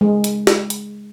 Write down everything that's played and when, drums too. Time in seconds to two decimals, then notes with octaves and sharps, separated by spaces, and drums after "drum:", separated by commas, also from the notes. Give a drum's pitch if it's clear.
0.01 G#3
0.24 drum: hi-hat
0.47 drum: snare
0.70 drum: hi-hat